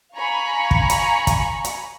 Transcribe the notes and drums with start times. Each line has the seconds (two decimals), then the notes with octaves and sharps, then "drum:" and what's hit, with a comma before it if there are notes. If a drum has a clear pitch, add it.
0.15 F5 G#5 A#5 B5 C#6
0.71 drum: kick
0.90 drum: hi-hat
1.27 drum: kick, hi-hat
1.65 drum: hi-hat